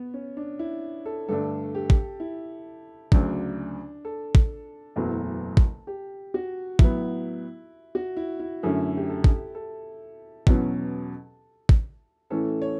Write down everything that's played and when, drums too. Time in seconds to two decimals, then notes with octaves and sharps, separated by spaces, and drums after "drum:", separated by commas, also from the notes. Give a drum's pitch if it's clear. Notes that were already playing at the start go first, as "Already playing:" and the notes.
Already playing: B3
0.14 C#4
0.37 D4
0.59 E4
1.06 A4
1.28 G2 D3 A3 D4 A4
1.75 G4
1.90 drum: kick
2.20 E4
3.12 D2 C#3 F#3 D4, drum: kick
4.05 A4
4.35 drum: kick
4.96 F#1 E2 B2 F#3 A3
5.57 drum: kick
5.87 G4
6.34 F#4
6.79 A2 F#3 B3 E4, drum: kick
7.95 F#4
8.17 E4
8.40 E4
8.63 F#2 D3 A3 C#4 E4
8.97 G4
9.09 A4
9.24 drum: kick
9.55 A4
10.47 E2 B2 F#3 C#4, drum: kick
11.69 drum: kick
12.30 A2 E3 A3 C#4 A4
12.62 C#5